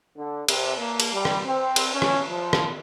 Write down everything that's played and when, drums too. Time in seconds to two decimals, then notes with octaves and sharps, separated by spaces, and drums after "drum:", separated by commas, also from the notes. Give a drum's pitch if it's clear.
0.17 D3
0.48 C3, drum: cymbal
0.78 A#3
1.00 drum: cymbal
1.13 G3
1.25 drum: rim click
1.45 C4
1.76 drum: cymbal
1.93 C#4
2.02 drum: rim click
2.29 F3
2.53 drum: rim click